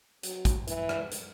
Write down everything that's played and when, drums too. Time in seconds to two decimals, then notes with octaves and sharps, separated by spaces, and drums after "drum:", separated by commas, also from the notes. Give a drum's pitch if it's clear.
0.23 F#3, drum: hi-hat
0.45 drum: kick, hi-hat
0.67 E3, drum: hi-hat
0.89 drum: rim click
1.11 drum: hi-hat